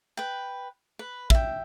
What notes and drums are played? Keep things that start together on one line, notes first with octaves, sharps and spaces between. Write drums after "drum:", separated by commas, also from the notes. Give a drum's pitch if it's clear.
B4 G5
B4
E5 G5, drum: kick